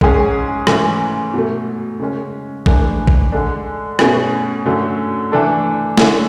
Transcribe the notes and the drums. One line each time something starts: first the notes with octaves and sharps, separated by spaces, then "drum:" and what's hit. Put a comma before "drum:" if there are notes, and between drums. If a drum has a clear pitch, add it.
G#2 G#3 C#4 G#4, drum: kick A1
G#2 E3 A3 C#4, drum: rim click
B2 F#3 A3
C#3 G#3 C#4
A2 E3 G#3 D4, drum: kick A1
drum: kick A1
D3 G#3 D4
B2 A3 C#4 G#4 B4, drum: rim click
D3 F#3 A3 C#4
E3 A3 D4 A4
D3 G#3 C#4 E4, drum: snare